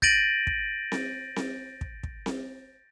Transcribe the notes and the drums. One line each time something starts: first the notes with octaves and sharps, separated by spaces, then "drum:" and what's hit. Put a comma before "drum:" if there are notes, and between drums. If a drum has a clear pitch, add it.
G6 A6 A#6 D7 D#7 F#7, drum: kick
drum: kick
drum: snare C4
drum: snare C4
drum: kick
drum: kick
drum: snare C4